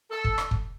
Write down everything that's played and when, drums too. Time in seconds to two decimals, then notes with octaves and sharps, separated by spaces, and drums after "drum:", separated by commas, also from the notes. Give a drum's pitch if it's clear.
0.10 A4
0.24 drum: kick
0.38 drum: rim click
0.51 drum: kick